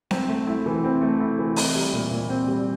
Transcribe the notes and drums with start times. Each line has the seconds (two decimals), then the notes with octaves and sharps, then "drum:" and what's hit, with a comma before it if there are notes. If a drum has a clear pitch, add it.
0.11 C4, drum: snare C4
0.29 A3
0.47 E4
0.66 E3
0.84 C4
1.01 A3
1.20 E4
1.39 E3
1.56 C4, drum: open hi-hat
1.76 G3
1.93 A#2
2.11 A#2
2.29 C4
2.48 G3